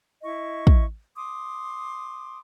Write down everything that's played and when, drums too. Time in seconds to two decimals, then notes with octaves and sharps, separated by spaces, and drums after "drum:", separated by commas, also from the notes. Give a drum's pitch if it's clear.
0.22 E4 D#5 C#6
0.67 drum: kick
1.15 C6 D6 D#6